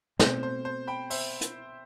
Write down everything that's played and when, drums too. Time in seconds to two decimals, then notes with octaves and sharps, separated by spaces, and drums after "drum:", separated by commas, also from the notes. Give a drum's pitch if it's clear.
0.19 B2 A3 C4 C5, drum: snare
0.43 C5
0.65 C5
0.87 G5 B5
1.10 C5 E5, drum: open hi-hat
1.41 drum: hi-hat